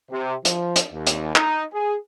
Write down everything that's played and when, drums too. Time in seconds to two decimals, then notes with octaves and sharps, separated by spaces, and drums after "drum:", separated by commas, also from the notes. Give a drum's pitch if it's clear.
0.11 C3
0.45 F3, drum: hi-hat
0.76 drum: hi-hat
0.92 D#2
1.07 drum: hi-hat
1.36 D#4, drum: clap
1.73 G#4